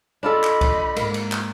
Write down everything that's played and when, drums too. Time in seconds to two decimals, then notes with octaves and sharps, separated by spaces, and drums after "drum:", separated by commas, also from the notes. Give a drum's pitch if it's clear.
0.23 D4 F4 A4 D#5 B5
0.44 drum: clap
0.61 drum: kick C2, cymbal
0.96 G#2 A#3, drum: cymbal
1.14 drum: cymbal
1.32 drum: clap